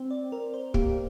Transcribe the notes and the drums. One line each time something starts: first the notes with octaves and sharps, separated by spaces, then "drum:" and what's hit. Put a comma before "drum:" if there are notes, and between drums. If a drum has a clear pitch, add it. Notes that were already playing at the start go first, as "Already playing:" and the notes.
Already playing: C4 C5
D5
A#4
C5
A#3 G4, drum: kick